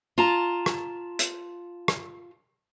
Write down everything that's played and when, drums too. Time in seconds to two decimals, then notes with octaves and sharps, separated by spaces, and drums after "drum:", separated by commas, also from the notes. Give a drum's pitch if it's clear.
0.18 F4 A5 A#5
0.66 drum: rim click
1.19 drum: hi-hat
1.88 drum: rim click